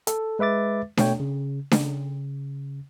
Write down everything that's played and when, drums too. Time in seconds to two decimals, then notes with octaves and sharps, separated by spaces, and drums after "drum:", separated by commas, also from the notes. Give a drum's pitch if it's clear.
0.07 A4, drum: hi-hat
0.39 G#3 B4 E5 D6 A6
0.97 B2 A3 C#5 G5, drum: snare D4
1.20 C#3
1.71 C#3, drum: snare D4